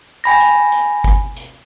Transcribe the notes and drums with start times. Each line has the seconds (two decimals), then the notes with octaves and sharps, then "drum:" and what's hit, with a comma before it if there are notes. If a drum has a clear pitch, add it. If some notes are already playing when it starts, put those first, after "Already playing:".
0.24 G5 G#5 B5 A#6
0.40 drum: hi-hat
0.72 drum: hi-hat
1.04 drum: kick G1, hi-hat
1.36 drum: hi-hat